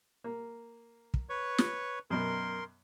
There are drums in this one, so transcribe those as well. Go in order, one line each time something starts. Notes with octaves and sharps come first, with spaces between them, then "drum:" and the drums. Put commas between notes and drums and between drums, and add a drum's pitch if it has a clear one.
A#3
drum: kick
B4 C#5 C#6
drum: snare
F#2 B2 A#4 C6